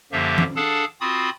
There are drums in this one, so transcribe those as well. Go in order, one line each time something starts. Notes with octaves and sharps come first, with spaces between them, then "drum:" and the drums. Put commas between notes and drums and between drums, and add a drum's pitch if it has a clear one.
F#2 D3 F3 A#3 G4 E5
drum: tom E3
D4 G#4 A4 F5 F#5 A5
C4 F4 F#4 B5 D#6